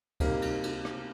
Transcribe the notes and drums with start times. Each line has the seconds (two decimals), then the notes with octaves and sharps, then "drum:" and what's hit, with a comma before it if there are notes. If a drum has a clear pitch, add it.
0.20 C3 G3 A#3 D#4 A#4, drum: kick C#2, cymbal
0.42 drum: cymbal
0.63 drum: cymbal
0.85 drum: rim click